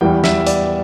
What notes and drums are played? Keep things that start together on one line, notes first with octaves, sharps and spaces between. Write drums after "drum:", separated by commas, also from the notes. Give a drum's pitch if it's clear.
E2 E3 G3 G5
E5, drum: snare
D5, drum: hi-hat